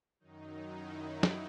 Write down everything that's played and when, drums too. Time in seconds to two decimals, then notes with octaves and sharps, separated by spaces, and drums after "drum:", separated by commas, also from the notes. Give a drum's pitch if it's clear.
0.20 F#2 D#3 F#3 D#4
0.77 E4
1.23 drum: snare